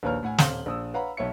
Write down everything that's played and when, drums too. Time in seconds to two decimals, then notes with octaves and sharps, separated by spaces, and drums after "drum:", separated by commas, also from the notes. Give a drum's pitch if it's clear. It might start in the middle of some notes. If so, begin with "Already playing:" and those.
0.03 A#1 D#2 B4 C#5 A#5 F6
0.23 A2 F#5 G#5
0.38 D#1 C4 F5 C6 F#7 G7, drum: snare
0.66 A#1 D#6 E6
0.94 B4 C#5 F5 F#5 A#5 B5
1.17 B1 C#5 E5 C#7